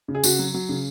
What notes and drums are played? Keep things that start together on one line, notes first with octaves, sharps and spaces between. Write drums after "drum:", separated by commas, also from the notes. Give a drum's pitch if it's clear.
C#3
G#4
C#3 F#4, drum: tambourine
F#3
F#3
C#3